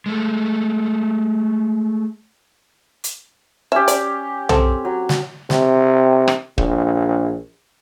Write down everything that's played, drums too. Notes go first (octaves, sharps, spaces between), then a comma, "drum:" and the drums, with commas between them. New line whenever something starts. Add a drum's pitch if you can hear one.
G#3 A3
drum: hi-hat
C#4 G4 E5
D5, drum: hi-hat
C4 A4, drum: tom B1
F#3
drum: snare
C3, drum: snare
drum: rim click
A#1, drum: kick